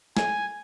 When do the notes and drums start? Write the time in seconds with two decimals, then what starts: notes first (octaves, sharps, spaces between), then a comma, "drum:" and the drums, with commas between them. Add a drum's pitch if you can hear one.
0.17 G#5, drum: snare